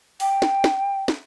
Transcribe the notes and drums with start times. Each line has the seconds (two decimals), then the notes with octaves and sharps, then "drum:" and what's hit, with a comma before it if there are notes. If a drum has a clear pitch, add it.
0.20 G5, drum: open hi-hat
0.42 drum: snare
0.64 drum: snare
1.08 drum: snare